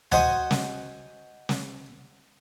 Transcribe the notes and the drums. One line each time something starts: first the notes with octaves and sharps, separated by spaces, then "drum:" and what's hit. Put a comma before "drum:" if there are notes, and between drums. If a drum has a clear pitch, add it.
F#4 C5 D#5 F#5 G#5, drum: tom D2
drum: snare
drum: snare